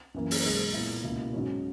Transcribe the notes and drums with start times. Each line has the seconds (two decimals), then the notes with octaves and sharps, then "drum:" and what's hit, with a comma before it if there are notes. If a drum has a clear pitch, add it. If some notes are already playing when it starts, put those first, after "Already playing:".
0.14 F#2 E3 A#3
0.31 drum: open hi-hat
0.45 B1 B2 G#3
0.73 A#2 G#3 B3 E4
1.04 C#2 B2 A#3 E4
1.33 G#2 F#3 C#4